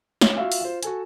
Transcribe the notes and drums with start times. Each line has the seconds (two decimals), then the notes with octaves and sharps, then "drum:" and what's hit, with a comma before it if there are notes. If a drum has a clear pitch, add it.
0.21 C#5 E7, drum: snare
0.37 F4 F#4 E5 F5
0.52 drum: open hi-hat
0.61 F4 C5
0.83 F#4 A4 G#5, drum: hi-hat